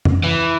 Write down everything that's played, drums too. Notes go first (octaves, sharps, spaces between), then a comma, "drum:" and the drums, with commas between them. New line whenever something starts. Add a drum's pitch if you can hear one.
drum: tom F2
E3